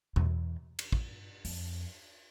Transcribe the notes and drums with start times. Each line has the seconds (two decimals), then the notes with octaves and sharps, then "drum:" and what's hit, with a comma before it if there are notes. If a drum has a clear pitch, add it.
0.16 E2, drum: tom B2
0.79 drum: cymbal
0.92 drum: kick
1.45 F2, drum: open hi-hat